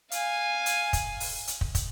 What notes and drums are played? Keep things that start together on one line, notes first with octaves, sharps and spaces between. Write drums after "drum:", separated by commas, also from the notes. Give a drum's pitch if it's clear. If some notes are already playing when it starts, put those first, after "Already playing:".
F5 G#5, drum: hi-hat
drum: hi-hat
drum: kick, hi-hat
drum: open hi-hat
drum: hi-hat
drum: kick
drum: kick, hi-hat